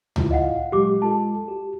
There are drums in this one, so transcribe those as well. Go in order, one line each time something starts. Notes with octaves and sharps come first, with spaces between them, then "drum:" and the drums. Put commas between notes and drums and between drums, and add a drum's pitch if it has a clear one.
A2 E4 F4, drum: tom C#2
D#5 F5 F#5
A#2 F#3 G#3 G4 D6
G#3 F4 A4 A5
F#4 G4